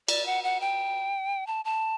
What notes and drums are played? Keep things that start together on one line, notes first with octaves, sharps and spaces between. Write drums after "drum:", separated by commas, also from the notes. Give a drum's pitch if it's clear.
D5, drum: cymbal
F#5
F#5
G5
A5
A5